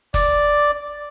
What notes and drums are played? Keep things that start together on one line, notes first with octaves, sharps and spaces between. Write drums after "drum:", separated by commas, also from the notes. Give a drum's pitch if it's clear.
D5, drum: kick F#1, hi-hat